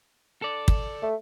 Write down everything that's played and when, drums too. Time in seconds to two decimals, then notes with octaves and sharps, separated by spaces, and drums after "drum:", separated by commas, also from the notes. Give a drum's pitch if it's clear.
0.42 A4 D5
0.68 drum: kick
1.03 A3